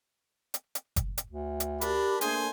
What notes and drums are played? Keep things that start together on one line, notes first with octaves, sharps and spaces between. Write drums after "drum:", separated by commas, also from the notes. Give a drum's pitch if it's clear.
drum: hi-hat
drum: hi-hat
drum: kick F#1, hi-hat
drum: hi-hat
D2
drum: hi-hat
D4 G4 A#4 B5, drum: hi-hat
A3 A#3 D4 G#4 C5 G#5, drum: hi-hat